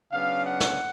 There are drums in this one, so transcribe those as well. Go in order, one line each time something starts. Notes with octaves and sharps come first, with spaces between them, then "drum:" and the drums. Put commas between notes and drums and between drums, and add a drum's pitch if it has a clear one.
C#3 F#3 B3 D4 F5
F#5
drum: snare